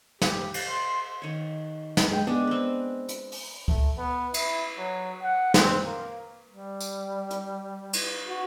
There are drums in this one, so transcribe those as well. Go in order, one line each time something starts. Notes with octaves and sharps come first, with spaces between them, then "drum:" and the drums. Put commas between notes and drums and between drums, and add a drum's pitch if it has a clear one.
G4, drum: snare
drum: cymbal
C6
D#3 C#5
drum: snare
G#3 G5
G#3 B3 D4
C4 B4
drum: hi-hat
drum: open hi-hat
A3, drum: kick C#2
B3
E4, drum: cymbal
F#3
F#5
C4, drum: snare
A#3
G3
drum: tambourine
drum: hi-hat
drum: cymbal
F#4